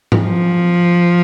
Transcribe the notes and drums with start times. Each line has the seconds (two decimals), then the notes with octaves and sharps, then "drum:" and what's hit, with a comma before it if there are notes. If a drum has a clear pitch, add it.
0.12 drum: tom G#2
0.22 F3